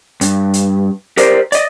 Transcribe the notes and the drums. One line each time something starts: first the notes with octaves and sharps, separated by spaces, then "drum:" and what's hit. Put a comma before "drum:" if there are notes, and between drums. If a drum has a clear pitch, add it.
G2, drum: hi-hat
drum: hi-hat
G4 A#4 C5 D5, drum: hi-hat
D5 D#5, drum: hi-hat